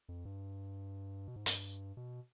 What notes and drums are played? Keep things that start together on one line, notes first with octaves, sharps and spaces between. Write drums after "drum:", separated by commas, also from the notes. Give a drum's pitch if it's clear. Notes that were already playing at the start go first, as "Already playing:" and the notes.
F2
G2
B2
G#2
G2, drum: hi-hat
B2